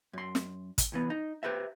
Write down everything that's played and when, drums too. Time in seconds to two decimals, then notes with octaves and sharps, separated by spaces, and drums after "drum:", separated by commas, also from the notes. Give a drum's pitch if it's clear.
0.13 F#2 C6
0.35 drum: snare
0.78 drum: kick, hi-hat
0.92 C2 E3 B3
1.10 D#4
1.43 G4 B4 C5 E5